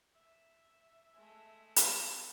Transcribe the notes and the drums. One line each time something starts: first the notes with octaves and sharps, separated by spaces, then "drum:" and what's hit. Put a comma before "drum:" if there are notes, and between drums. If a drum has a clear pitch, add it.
E5
G#3 A3
drum: hi-hat